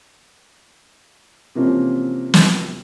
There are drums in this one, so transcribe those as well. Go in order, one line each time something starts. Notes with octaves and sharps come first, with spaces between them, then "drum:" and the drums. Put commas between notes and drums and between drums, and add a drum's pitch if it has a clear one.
C3 E3 F3 A#3 C4 C#4
drum: snare